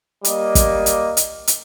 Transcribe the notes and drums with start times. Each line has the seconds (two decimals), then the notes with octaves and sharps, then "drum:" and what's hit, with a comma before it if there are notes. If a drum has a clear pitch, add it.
0.25 G3 A#3 D#5, drum: hi-hat
0.55 drum: kick, hi-hat
0.86 drum: hi-hat
1.17 drum: hi-hat
1.48 drum: hi-hat